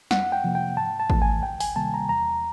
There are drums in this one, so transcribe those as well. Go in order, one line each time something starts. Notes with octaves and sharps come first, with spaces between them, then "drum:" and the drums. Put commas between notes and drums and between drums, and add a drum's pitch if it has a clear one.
F2 F#5, drum: snare
G5
C3 F3 A#3
G5
G#2 A5
A5
E3 A3, drum: kick
G#5
D2 G5
G#5, drum: open hi-hat
C3 D#3 G3 A#3 A5
A#5
E2 A#5